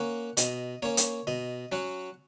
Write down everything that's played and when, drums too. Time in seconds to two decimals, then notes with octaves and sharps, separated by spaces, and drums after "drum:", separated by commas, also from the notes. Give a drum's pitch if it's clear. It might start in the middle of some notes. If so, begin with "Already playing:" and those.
Already playing: A#3 C#4 F#5
0.37 B2 D#5, drum: hi-hat
0.82 A#3 C#4 C#5
0.97 drum: hi-hat
1.27 B2 D#5
1.72 F#3 C#4 F#5